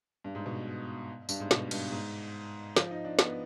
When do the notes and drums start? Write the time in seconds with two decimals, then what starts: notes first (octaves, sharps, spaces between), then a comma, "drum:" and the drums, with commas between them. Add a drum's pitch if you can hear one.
0.24 G2
0.35 G#2
0.46 B2
1.29 G2, drum: tambourine
1.40 G#2
1.51 B2, drum: snare
1.71 G2, drum: cymbal
1.92 G#2
2.76 F3, drum: snare
2.91 D#4
3.05 D4
3.19 B3, drum: snare